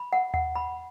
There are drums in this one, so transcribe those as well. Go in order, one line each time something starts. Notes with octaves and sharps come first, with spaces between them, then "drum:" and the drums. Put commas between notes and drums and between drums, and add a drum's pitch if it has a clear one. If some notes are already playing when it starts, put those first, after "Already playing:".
Already playing: B5
F#5
F#5, drum: tom D#2
B5